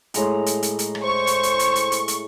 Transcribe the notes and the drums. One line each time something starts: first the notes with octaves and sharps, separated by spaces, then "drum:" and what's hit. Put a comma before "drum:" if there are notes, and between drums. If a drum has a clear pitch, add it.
A2 G#3 A#5, drum: hi-hat
drum: hi-hat
drum: hi-hat
drum: hi-hat
drum: rim click
C5 C#6
drum: hi-hat
drum: hi-hat
drum: hi-hat
drum: hi-hat
drum: hi-hat
drum: hi-hat